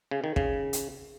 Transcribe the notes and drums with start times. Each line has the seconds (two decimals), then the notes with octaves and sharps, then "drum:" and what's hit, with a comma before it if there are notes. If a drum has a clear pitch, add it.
0.11 C#3
0.24 D#3
0.36 C#3, drum: kick
0.73 drum: hi-hat